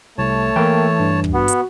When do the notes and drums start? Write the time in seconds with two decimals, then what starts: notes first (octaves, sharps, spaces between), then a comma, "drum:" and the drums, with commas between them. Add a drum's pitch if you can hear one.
0.18 C2 A3 C#5 A5
0.56 E3 A#3 A#4 G5
1.00 G2
1.24 drum: kick
1.33 B3 F#4
1.48 drum: hi-hat